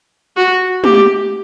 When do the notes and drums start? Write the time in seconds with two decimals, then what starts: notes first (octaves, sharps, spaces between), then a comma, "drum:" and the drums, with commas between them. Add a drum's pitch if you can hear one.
0.37 F#4
0.84 G4, drum: tom G#3